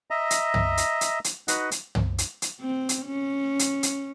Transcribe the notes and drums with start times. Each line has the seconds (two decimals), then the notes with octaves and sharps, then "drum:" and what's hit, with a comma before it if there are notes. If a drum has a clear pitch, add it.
0.10 D#5 E5 A#5
0.30 drum: hi-hat
0.54 drum: tom
0.77 drum: hi-hat
1.01 drum: hi-hat
1.24 drum: hi-hat
1.48 D#4 F#4 B4 D#5 F#5, drum: hi-hat
1.71 drum: hi-hat
1.95 drum: tom
2.18 drum: hi-hat
2.42 drum: hi-hat
2.61 C4
2.89 drum: hi-hat
3.06 C#4
3.59 drum: hi-hat
3.83 drum: hi-hat